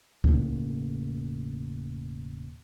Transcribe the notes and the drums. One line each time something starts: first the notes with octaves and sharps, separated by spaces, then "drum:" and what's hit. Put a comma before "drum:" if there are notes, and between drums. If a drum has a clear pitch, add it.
E1 A2 C#3 A#3, drum: kick C#2